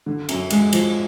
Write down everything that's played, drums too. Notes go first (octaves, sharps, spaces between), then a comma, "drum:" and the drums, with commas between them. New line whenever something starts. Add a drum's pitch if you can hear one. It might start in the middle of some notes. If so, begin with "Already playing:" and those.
D3
F#2, drum: cymbal
G#3, drum: cymbal
F3, drum: cymbal